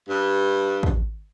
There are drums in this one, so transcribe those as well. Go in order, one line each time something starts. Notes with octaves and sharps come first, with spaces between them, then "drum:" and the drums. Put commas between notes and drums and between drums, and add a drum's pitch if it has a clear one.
G2
drum: kick